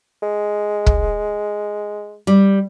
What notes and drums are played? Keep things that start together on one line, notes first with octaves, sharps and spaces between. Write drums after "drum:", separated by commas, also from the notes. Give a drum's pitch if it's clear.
G#3
drum: kick
G3